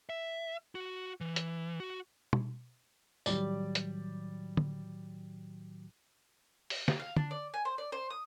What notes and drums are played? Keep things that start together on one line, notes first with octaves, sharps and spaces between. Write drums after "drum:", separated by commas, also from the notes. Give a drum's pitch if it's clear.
E5
F#4
E3
drum: hi-hat
F#4
drum: tom
A2 D#3 F#3 G3 D5, drum: tambourine
drum: hi-hat
drum: tom
drum: open hi-hat
drum: snare
F5
D4, drum: tom
D5
G#5
C5
D5
C5
D#6